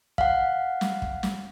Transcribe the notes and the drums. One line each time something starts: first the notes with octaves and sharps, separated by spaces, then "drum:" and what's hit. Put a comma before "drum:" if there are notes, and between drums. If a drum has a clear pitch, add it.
F5 F#5, drum: kick
drum: snare
drum: kick
drum: snare